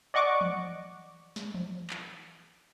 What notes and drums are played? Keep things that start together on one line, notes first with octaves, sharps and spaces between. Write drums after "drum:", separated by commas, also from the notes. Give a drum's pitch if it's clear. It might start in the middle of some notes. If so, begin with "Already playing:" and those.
D5 D#5 F#5 C#6 D6
drum: tom E3
drum: snare
drum: tom E3
drum: clap